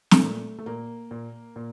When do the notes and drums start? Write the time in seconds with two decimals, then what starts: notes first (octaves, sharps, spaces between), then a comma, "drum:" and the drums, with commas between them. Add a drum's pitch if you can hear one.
0.11 A3, drum: snare
0.23 A#2
0.59 A3
0.66 A#2 A#3
1.11 A#2
1.56 A#2